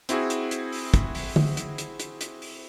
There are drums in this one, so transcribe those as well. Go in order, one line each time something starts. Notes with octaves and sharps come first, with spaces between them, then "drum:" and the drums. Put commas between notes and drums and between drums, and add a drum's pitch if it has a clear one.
C4 E4 F#4 G#4, drum: hi-hat
drum: hi-hat
drum: hi-hat
drum: open hi-hat
drum: kick, hi-hat
drum: open hi-hat
drum: tom D3
drum: hi-hat
drum: hi-hat
drum: hi-hat
drum: hi-hat
drum: open hi-hat